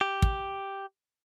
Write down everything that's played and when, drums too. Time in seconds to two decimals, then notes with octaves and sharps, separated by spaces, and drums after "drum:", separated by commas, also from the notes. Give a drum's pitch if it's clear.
0.01 G4
0.22 drum: kick